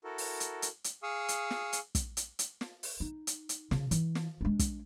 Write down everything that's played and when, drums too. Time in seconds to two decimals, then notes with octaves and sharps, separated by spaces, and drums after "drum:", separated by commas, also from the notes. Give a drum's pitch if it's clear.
0.04 E4 F#4 A4 A#4
0.18 drum: open hi-hat
0.40 drum: hi-hat
0.62 drum: hi-hat
0.84 drum: hi-hat
1.03 G#4 F5 C#6 D#6 E6
1.28 drum: hi-hat
1.51 drum: snare
1.73 drum: hi-hat
1.95 drum: kick, hi-hat
2.17 drum: hi-hat
2.39 drum: hi-hat
2.61 drum: snare
2.83 drum: open hi-hat
3.00 D#4
3.27 drum: hi-hat
3.49 drum: hi-hat
3.71 C#3, drum: snare
3.91 E3, drum: hi-hat
4.15 drum: snare
4.41 G#3 D4
4.59 drum: kick, hi-hat